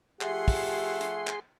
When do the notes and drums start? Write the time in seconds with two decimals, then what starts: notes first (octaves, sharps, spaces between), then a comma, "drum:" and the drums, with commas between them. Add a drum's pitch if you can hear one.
0.21 F3 A3 G4 G#4 E5 F#5 C6, drum: clap
0.48 drum: kick, open hi-hat
1.01 drum: hi-hat
1.27 drum: clap